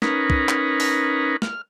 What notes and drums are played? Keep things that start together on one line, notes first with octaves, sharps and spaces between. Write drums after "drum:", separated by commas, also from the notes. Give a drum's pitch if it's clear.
C#4 D#4 A#4 B4, drum: snare
drum: kick
drum: clap
drum: open hi-hat
F6, drum: snare